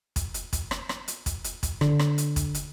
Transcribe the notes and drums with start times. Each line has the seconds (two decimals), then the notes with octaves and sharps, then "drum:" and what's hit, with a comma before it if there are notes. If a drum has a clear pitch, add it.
0.16 drum: kick, hi-hat
0.34 drum: hi-hat
0.53 drum: kick, hi-hat
0.71 drum: rim click
0.89 drum: rim click
1.08 drum: hi-hat
1.26 drum: kick, hi-hat
1.44 drum: hi-hat
1.63 drum: kick, hi-hat
1.81 D3, drum: rim click
1.99 drum: rim click
2.18 drum: hi-hat
2.36 drum: kick, hi-hat
2.54 drum: hi-hat